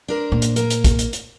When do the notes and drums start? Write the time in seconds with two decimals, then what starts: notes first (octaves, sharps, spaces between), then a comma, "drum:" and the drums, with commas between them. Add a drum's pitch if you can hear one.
0.08 D4 A#4 C5
0.32 A#2
0.42 drum: hi-hat
0.56 A#3 A#4, drum: hi-hat
0.70 drum: hi-hat
0.84 drum: kick, hi-hat
0.99 drum: hi-hat
1.13 drum: hi-hat